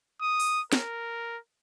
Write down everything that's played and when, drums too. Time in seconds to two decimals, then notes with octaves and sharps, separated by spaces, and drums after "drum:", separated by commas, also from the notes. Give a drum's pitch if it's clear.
0.22 D#6
0.40 drum: open hi-hat
0.73 A#4, drum: snare